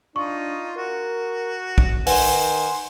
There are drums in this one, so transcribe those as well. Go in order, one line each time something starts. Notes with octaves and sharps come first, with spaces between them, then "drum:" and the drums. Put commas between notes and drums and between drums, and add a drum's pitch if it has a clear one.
D4 D#4 F4 C#6
F#4 A#4
drum: kick
D#3 B4 C5 F#5 G#5, drum: open hi-hat